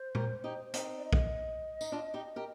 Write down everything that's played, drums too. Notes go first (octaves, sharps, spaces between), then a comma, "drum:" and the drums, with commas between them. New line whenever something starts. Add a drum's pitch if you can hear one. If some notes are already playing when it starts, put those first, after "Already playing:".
Already playing: C5
G4 A#4, drum: tom
D#4 G4
C4 D#4, drum: hi-hat
D5
D#5
drum: kick B1
D#4, drum: tambourine
D4 F4
D#4 G4
G4 A#4